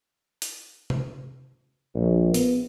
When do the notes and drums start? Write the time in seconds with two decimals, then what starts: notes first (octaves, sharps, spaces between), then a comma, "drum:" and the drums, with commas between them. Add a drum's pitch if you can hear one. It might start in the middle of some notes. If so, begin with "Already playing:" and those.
0.42 drum: hi-hat
0.90 drum: tom C3
1.94 A#1
2.34 B3, drum: hi-hat